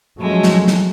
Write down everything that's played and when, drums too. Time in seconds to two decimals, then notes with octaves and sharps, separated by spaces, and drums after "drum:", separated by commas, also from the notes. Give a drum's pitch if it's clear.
0.19 F3 F#3 G#3 A3 C#4
0.43 drum: snare
0.68 drum: snare